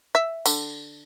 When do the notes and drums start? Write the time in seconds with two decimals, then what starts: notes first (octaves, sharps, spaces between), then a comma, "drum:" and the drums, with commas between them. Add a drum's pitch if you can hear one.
0.15 E5
0.46 D3, drum: tambourine